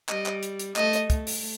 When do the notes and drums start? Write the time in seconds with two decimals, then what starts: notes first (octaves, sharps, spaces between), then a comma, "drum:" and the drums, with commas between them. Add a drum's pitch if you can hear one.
0.09 G3 D#5, drum: clap
0.26 drum: clap
0.43 drum: hi-hat
0.59 drum: hi-hat
0.76 A3 D#5, drum: clap
0.93 drum: hi-hat
1.10 A3, drum: kick, hi-hat
1.27 drum: open hi-hat